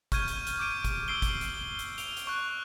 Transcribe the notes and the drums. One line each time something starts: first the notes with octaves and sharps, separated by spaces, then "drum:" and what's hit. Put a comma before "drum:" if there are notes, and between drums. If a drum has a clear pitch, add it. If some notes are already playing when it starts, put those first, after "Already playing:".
C#6 F6 G6 G#6 D#7, drum: kick, hi-hat
drum: hi-hat
drum: hi-hat
D6 G6 D7 D#7
drum: kick, hi-hat
D6 E6 C7 D7 G7
drum: kick, hi-hat
drum: hi-hat
G7
drum: hi-hat
D7 F7, drum: hi-hat
drum: hi-hat
C#6 F#6